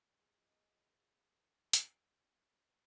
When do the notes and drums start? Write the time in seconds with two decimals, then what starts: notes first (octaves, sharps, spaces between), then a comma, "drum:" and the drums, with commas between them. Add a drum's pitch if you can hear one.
0.19 F3 G#3
1.73 drum: hi-hat